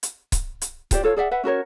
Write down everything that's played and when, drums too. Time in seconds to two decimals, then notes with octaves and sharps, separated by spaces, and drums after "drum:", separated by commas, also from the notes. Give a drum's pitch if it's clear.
0.03 drum: hi-hat
0.32 drum: kick C#1, hi-hat
0.62 drum: hi-hat
0.91 F4 G4 C5 D5, drum: kick C#1, hi-hat
1.03 F4 A4 C#5 F5
1.17 G#4 D5 E5 F#5
1.31 B4 E5 F#5
1.44 C#4 F#4 A#4 C#5